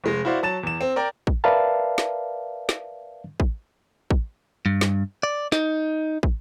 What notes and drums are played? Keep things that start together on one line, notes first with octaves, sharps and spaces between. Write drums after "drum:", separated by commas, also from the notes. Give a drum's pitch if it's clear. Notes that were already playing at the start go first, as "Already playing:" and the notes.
F1 G#3 A#6
E4 F#4 C5 D5 F5
F#3 A5 A6 E7
E2 E7
C4
A#4 D5 G5
drum: kick
A#4 B4 D5 E5 F5 A5
drum: snare
drum: snare
drum: kick
drum: kick
G2
drum: snare
D5
D#4, drum: snare
drum: kick